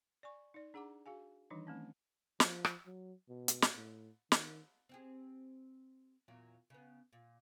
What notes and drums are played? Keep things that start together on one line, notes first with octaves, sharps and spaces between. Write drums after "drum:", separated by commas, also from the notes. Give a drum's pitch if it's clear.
D5 G#5 C#6
D#4 D5
D4 G#4 F#5 A#5 D6
F#4 G#4 F5 G#5
D#3 E3 G3 D4 D#4
D#3 A3 C4 C#4
F3, drum: snare
drum: rim click
F#3
B2
drum: hi-hat
drum: snare
A2
D#3, drum: snare
C4 G4 G#4
E2 A#2 F#3
C#3 B3
A#2